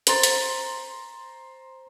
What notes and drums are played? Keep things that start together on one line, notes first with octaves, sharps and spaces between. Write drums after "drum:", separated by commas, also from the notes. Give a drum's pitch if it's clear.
C5 A#5 C6 A6, drum: hi-hat
drum: hi-hat